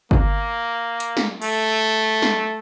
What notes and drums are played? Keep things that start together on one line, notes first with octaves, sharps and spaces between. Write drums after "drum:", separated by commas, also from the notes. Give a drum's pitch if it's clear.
A#3, drum: kick G1
drum: hi-hat
drum: snare
A3, drum: cymbal
drum: snare